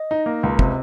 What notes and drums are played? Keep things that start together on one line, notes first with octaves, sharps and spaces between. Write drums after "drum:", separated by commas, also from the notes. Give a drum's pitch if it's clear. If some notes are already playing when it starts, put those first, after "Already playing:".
Already playing: D#5
D#4
A#3
C#2
C3, drum: kick